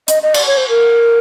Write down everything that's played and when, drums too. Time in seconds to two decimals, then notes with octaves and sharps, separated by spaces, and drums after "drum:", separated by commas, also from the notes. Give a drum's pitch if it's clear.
0.08 D#5, drum: hi-hat
0.23 D#5
0.34 D5, drum: cymbal
0.47 C#5
0.57 C5
0.69 A#4